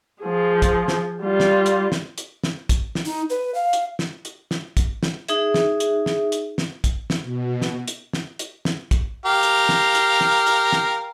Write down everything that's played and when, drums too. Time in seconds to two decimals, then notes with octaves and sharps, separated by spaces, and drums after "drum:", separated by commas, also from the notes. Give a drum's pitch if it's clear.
0.22 F3 G#4
0.62 drum: kick, hi-hat
0.88 drum: snare
1.23 G3 F4
1.40 drum: snare
1.66 drum: hi-hat
1.92 drum: snare
2.18 drum: hi-hat
2.44 drum: snare
2.69 drum: kick, hi-hat
2.95 drum: snare
3.05 D#4
3.30 B4
3.55 F5
3.73 drum: hi-hat
3.99 drum: snare
4.25 drum: hi-hat
4.51 drum: snare
4.77 drum: kick, hi-hat
5.03 drum: snare
5.28 D#4 G#4 E5, drum: hi-hat
5.54 drum: snare
5.80 drum: hi-hat
6.06 drum: snare
6.32 drum: hi-hat
6.58 drum: snare
6.84 drum: kick, hi-hat
7.10 drum: snare
7.23 B2
7.62 drum: snare
7.88 drum: hi-hat
8.13 drum: snare
8.39 drum: hi-hat
8.65 drum: snare
8.91 drum: kick, hi-hat
9.26 G4 A#4 F5
9.43 drum: hi-hat
9.69 drum: snare
9.95 drum: hi-hat
10.21 drum: snare
10.47 drum: hi-hat
10.73 drum: snare